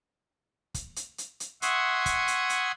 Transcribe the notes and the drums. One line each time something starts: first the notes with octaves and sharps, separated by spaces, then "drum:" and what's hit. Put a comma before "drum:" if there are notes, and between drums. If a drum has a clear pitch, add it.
drum: kick, hi-hat
drum: hi-hat
drum: hi-hat
drum: hi-hat
E5 F#5 C6 C#6 D#6 G#6, drum: hi-hat
drum: kick, hi-hat
drum: hi-hat
drum: hi-hat